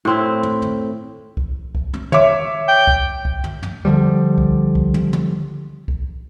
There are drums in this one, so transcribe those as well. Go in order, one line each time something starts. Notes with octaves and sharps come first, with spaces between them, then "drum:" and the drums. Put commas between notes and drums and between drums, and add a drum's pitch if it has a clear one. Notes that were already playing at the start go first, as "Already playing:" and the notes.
A2 C4 E4
drum: tom
drum: tom
drum: kick C2
drum: kick C2
drum: tom
C#5 E5 D6, drum: tom
G5
drum: kick C2
drum: kick C2
drum: tom
drum: tom
D3 D#3 F3 G3
drum: kick C2
drum: kick C2
drum: tom
drum: tom
drum: kick C2